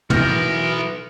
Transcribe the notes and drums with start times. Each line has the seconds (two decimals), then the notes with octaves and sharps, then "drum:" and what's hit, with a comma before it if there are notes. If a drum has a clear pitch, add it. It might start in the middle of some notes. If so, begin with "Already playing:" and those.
0.10 B1 E3 B3 A#4 F6 G6 A#6, drum: tom